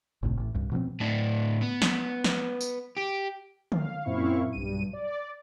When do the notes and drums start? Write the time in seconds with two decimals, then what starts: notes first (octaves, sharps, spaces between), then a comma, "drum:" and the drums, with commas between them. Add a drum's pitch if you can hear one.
0.23 G1 C2 A2 C3
0.37 A1 A2
0.55 C2 G2
0.72 B2 F3 A#3 C4
1.00 A2 D4
1.62 B3
1.82 drum: snare
2.24 drum: snare
2.61 drum: tambourine
2.98 G4
3.72 F5, drum: tom D3
4.05 F#2 A#2 C4 E4 F5 C#6
4.53 B1 G2 D#7
4.93 D5